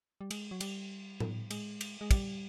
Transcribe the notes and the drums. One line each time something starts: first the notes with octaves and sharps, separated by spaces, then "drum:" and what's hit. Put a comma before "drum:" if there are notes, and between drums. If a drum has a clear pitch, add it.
G3
G#3, drum: cymbal
F#3
G3, drum: cymbal
drum: tom A2
G#3, drum: cymbal
drum: cymbal
G#3
G3, drum: kick, cymbal